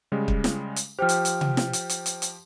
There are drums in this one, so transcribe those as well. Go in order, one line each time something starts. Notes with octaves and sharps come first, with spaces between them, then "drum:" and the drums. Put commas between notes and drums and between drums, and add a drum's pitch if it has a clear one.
C#3 G3 G#3
drum: kick
drum: snare
drum: hi-hat
F3 G4 C5 G5 F6
drum: hi-hat
drum: hi-hat
drum: tom C3
drum: snare
drum: hi-hat
drum: hi-hat
drum: hi-hat
drum: hi-hat